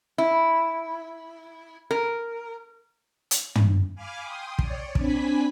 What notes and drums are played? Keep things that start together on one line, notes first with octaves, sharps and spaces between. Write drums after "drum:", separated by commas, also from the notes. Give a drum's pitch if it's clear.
E4
A#4
drum: hi-hat
drum: tom
F5 G#5 B5 D6 F6
G5 C6 D#6
C#5 D5, drum: kick
C4 D4 G#5 B5 B6, drum: kick